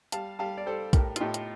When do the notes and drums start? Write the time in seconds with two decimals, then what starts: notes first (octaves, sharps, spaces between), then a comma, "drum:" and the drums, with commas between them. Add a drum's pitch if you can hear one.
0.12 G3 F5 A5, drum: hi-hat
0.39 G3 F5 A5
0.58 D5
0.66 G3 A4 C5
0.93 A2 G4 A#4, drum: kick, hi-hat
1.16 F4, drum: hi-hat
1.20 A2 D#4 G4
1.34 drum: hi-hat